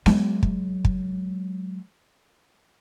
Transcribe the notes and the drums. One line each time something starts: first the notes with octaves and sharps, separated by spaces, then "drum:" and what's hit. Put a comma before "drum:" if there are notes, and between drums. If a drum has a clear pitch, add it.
F#3 G#3, drum: snare B3
drum: kick
drum: kick